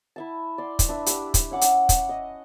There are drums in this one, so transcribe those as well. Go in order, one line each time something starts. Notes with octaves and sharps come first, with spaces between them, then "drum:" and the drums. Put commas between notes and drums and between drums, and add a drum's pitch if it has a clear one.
E4 E5 A5
D5 C6
drum: kick, hi-hat
D4 B4 E5
G4 E5, drum: hi-hat
drum: kick, hi-hat
C#4 F#5 D6
drum: hi-hat
drum: kick, hi-hat
D#5